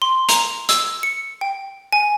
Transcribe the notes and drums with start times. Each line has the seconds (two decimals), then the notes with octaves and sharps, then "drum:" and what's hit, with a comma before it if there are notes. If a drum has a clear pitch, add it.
0.02 C6
0.29 A#5, drum: hi-hat
0.69 E6, drum: hi-hat
1.03 C#7
1.41 G5
1.93 G#5